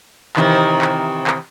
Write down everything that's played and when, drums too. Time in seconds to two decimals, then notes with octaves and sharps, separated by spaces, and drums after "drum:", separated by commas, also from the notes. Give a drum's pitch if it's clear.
0.36 C3 D#3 E3, drum: clap
0.82 drum: clap
1.27 drum: clap